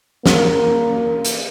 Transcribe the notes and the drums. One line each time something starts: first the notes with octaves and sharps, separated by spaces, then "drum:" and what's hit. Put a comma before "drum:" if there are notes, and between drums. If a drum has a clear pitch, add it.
A#3, drum: snare
drum: hi-hat